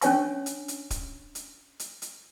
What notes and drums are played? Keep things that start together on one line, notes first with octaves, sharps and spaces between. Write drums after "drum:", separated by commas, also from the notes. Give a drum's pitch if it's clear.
C#4 D4 C#5 G#5 C#6, drum: hi-hat
drum: hi-hat
drum: hi-hat
drum: kick D1, hi-hat
drum: hi-hat
drum: hi-hat
drum: hi-hat